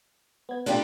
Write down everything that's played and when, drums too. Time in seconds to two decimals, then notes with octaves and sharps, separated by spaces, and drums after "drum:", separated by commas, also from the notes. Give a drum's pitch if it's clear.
0.49 B3 G#6
0.66 B2 A3 D4 F4 G4, drum: cymbal